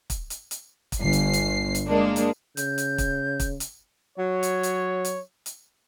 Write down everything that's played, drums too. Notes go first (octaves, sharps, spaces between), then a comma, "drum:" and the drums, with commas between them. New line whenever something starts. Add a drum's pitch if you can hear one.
drum: kick, hi-hat
drum: hi-hat
drum: hi-hat
drum: kick, hi-hat
G1 C7
drum: hi-hat
drum: hi-hat
drum: hi-hat
G#3 A#3 D4
drum: hi-hat
C#3 G6, drum: hi-hat
drum: hi-hat
drum: kick, hi-hat
drum: kick, hi-hat
drum: hi-hat
F#3 C#5
drum: hi-hat
drum: hi-hat
drum: hi-hat
drum: hi-hat